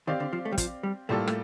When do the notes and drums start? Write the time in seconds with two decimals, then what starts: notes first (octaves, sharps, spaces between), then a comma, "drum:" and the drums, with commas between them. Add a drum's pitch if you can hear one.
0.07 D#3 C4 G4 D5 F5
0.20 D3
0.33 F3
0.45 A3
0.52 G3
0.58 F3, drum: kick, hi-hat
0.83 G3
1.09 A2 G3 A3 A#3 F4 A4
1.27 A3, drum: rim click